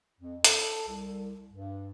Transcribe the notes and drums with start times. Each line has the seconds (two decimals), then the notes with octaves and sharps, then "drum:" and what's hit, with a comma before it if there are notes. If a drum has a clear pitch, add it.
0.19 F2
0.44 A4, drum: hi-hat
0.88 C2
1.51 G2